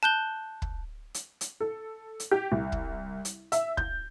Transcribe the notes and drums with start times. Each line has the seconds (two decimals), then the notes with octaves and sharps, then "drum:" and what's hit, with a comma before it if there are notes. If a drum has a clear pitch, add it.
0.03 A5 F#6 G6 G7
0.62 drum: kick
1.14 drum: hi-hat
1.41 drum: hi-hat
1.60 A4
2.20 drum: hi-hat
2.31 G4
2.52 C2
2.72 drum: kick
3.25 drum: hi-hat
3.52 E5, drum: hi-hat
3.77 G6, drum: kick